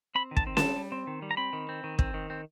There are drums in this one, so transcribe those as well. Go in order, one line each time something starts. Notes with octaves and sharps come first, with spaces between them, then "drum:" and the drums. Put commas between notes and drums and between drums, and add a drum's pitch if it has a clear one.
C4 B5
D#3
A5, drum: kick
C4
A5, drum: snare C#4
G3
G3
C4
D#3
G3
A#5
C4 B5
D#3
C4
D#3
C4, drum: kick
D#3
C4